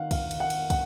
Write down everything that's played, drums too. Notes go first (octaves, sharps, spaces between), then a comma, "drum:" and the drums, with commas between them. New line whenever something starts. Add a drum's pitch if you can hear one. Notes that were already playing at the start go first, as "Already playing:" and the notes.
Already playing: D#3 F5 F#5
F5, drum: kick, cymbal
drum: cymbal
F#5
drum: cymbal
F#5, drum: kick, cymbal